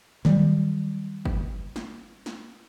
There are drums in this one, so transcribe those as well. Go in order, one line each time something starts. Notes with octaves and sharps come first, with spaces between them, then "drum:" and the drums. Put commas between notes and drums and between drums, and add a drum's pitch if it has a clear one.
D#3 F#3 G3, drum: snare
drum: kick
drum: snare
drum: snare